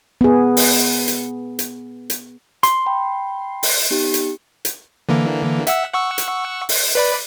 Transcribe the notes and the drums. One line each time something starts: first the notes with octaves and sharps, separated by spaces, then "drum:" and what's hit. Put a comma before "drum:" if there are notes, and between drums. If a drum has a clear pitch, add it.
B3 G#4
drum: open hi-hat
drum: hi-hat
drum: hi-hat
drum: hi-hat
C6, drum: hi-hat
G5 B5
drum: open hi-hat
B3 D#4 G4
drum: hi-hat
drum: hi-hat
D3 E3 A#3
E5 F#5 E6, drum: hi-hat
F#5 C#6 E6
drum: hi-hat
drum: open hi-hat
B4 D5 B5